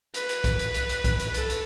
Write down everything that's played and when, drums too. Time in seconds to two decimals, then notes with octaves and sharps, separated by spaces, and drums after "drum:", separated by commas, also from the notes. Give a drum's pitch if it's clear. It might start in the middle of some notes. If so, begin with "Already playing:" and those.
0.14 B4, drum: hi-hat
0.29 drum: hi-hat
0.44 drum: kick, hi-hat
0.59 drum: hi-hat
0.74 drum: hi-hat
0.89 drum: hi-hat
1.04 drum: kick, hi-hat
1.19 drum: hi-hat
1.34 A4, drum: hi-hat
1.50 drum: hi-hat